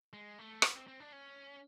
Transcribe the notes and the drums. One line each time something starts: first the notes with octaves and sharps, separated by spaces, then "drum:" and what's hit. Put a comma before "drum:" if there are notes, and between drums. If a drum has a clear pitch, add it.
G#3
A3
B3, drum: rim click
C4
C4
D4
C#4